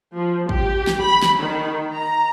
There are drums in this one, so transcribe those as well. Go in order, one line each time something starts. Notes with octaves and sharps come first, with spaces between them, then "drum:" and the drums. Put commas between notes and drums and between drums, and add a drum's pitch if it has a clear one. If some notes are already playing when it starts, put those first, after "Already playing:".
F3
G4, drum: kick
drum: snare
B5
drum: snare
D#3
A#5